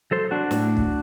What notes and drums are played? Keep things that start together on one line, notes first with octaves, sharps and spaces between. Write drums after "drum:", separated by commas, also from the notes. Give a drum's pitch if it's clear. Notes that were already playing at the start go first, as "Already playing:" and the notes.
F#3 A4 C5
D4 F#4
A2, drum: snare
drum: kick